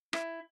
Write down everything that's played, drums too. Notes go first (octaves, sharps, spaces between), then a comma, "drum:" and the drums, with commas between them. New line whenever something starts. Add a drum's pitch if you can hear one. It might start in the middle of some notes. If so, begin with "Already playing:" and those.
E4, drum: rim click